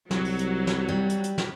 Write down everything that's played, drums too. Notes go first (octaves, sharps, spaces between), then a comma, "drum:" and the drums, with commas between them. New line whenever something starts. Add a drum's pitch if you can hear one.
C2 F#3, drum: snare
drum: open hi-hat
drum: hi-hat
drum: snare
G3
drum: hi-hat
drum: hi-hat
drum: snare